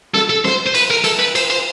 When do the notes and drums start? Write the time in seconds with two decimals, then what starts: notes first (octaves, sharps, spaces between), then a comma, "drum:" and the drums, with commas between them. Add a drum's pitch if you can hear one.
0.14 A4, drum: snare
0.30 A4
0.44 C5, drum: snare
0.66 C5
0.75 B4, drum: cymbal
0.90 A#4
1.04 A4, drum: cymbal
1.19 B4
1.35 C5, drum: cymbal
1.50 C5